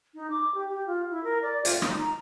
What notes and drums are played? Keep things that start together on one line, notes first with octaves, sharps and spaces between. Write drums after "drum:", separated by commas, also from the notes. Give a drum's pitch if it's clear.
D#4
D6
G4
G4
F4
E4
A#4
D5
F4, drum: hi-hat
D#4, drum: rim click
A#5